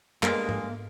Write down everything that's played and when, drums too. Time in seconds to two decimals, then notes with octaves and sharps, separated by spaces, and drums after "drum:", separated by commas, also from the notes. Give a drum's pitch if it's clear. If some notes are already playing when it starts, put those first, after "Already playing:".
0.23 G2 G#3 A#3, drum: clap
0.49 drum: tom G#2